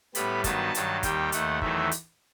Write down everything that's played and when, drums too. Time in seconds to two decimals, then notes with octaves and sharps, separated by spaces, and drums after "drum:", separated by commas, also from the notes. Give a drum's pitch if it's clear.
0.15 A2 G3 B3 B5, drum: hi-hat
0.44 G2 D#3 F#3 B3 A5, drum: kick, hi-hat
0.75 G2 D#3 F#3, drum: hi-hat
1.03 D#2 D#3 G3 G5, drum: kick, hi-hat
1.32 D#2 D#3 A3 F#5, drum: hi-hat
1.62 E2 D#3 F#3 A3 E5, drum: kick
1.92 drum: hi-hat